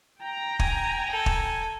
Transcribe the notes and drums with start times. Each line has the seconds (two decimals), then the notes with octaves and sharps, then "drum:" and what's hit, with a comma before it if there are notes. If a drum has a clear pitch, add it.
0.22 G5 A#5
0.59 G#5, drum: kick
1.10 A4
1.26 drum: kick